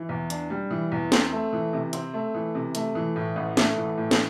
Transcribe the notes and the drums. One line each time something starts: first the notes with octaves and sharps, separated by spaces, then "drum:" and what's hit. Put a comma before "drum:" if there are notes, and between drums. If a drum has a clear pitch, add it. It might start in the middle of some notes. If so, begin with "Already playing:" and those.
Already playing: E3
E2
D4, drum: hi-hat
G3
E3
E2
C4, drum: snare
A3
E3
C3
C4, drum: hi-hat
A3
E3
C3
A3, drum: hi-hat
E3
A2
A1
A3, drum: snare
E3
A2
drum: snare